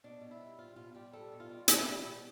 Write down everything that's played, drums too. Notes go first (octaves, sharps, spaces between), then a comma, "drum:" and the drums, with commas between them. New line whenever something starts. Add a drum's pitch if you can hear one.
B2 D4
B2
E4
G3
G3 F4
B2 F4
G3 G4
G3 A4
B2
F4
G3
G3 E4, drum: hi-hat
G3
B2